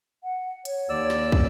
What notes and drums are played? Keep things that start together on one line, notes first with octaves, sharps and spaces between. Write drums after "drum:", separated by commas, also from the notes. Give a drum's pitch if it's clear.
F#5
C#5, drum: hi-hat
D#2 D5 E6
drum: snare
drum: kick